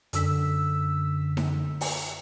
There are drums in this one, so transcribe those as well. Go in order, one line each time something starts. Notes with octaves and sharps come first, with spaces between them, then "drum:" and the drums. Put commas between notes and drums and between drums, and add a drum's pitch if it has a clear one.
F#2 D3 E6 B6, drum: hi-hat
drum: snare D#4
drum: open hi-hat